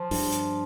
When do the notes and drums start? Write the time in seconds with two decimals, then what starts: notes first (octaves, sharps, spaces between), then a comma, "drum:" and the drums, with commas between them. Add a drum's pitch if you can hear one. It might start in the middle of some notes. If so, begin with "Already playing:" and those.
Already playing: F3
0.11 G2, drum: open hi-hat
0.32 drum: hi-hat